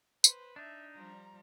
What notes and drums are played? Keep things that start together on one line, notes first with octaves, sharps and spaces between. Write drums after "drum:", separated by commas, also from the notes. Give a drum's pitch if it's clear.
B4 C5, drum: tambourine
D4 D#4 E5
F3 G3 A#5